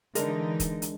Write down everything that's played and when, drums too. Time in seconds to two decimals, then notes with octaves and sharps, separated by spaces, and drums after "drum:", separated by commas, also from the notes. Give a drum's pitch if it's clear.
0.15 D3 E3 G#3 D4 D#4 A#4, drum: hi-hat
0.60 drum: kick, hi-hat
0.82 drum: hi-hat